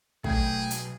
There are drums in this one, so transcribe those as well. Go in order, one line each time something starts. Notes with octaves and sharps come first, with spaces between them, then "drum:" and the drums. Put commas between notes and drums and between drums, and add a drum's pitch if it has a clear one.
B1 A3 G#4 G5, drum: kick
drum: hi-hat